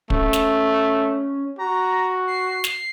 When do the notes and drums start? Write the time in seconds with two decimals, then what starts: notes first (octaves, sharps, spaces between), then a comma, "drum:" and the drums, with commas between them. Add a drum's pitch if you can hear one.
0.10 A3 C#4, drum: kick
0.33 drum: snare
1.59 F#4 A#5
2.27 C7
2.64 drum: snare